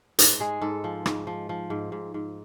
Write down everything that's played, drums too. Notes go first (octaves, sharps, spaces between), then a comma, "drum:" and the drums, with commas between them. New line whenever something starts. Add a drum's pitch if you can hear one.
G#2, drum: hi-hat
G#3 G#4
G#2 A4
F3
G#2, drum: rim click
F3
F3
G#2
G#2
G#2